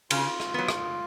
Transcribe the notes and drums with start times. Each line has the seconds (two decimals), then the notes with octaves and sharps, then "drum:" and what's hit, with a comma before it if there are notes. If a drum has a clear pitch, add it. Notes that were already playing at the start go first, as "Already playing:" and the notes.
0.11 C#3 F4, drum: cymbal
0.40 drum: rim click
0.54 F#3 B3
0.68 drum: rim click